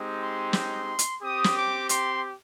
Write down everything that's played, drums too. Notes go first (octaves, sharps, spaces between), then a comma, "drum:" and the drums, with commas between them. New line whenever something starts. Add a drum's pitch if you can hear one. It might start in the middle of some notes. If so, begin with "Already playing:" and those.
Already playing: G#3 C4 D#4 G4
C6
C6, drum: snare
drum: hi-hat
C4 G4 D#6
drum: snare
D6
C6, drum: hi-hat